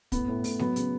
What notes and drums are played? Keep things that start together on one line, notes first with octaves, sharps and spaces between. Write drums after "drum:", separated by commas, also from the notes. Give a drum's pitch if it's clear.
A2 B3, drum: kick, hi-hat
A2
A2, drum: open hi-hat
F#3 B3, drum: snare G#3
C#3, drum: hi-hat